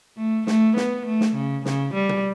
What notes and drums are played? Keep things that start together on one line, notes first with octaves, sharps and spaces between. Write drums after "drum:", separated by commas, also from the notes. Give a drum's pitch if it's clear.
A3
A3, drum: snare
B3, drum: snare
A3
drum: snare
C#3
C#3, drum: snare
G3
drum: tom B2